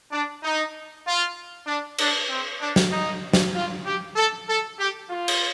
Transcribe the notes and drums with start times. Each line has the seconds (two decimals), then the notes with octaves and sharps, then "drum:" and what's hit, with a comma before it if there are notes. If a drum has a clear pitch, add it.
0.11 D4
0.42 D#4
1.05 F4
1.66 D4
1.98 D4, drum: cymbal
2.29 C4
2.60 D4
2.76 drum: snare
2.91 D#4
3.33 drum: snare
3.53 F4
3.85 G4
4.16 A4
4.47 A4
4.77 G4
5.09 F4
5.28 drum: cymbal